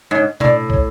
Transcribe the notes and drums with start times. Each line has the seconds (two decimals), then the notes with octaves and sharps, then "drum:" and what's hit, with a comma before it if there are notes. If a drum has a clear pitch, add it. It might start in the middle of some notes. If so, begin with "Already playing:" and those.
0.11 G#2 C#5
0.40 A2 D5, drum: tom B2
0.70 C#5, drum: kick